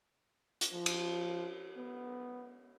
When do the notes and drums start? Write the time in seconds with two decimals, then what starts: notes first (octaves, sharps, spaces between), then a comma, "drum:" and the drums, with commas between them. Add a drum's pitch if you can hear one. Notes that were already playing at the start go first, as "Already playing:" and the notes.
0.61 drum: hi-hat
0.73 F3
0.86 drum: cymbal
1.77 B3